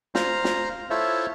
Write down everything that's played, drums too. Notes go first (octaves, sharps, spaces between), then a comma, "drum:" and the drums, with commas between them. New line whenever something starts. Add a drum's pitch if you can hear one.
C5 F5 A#5, drum: snare
drum: snare
E4 F4 A4 C5 C#5 E5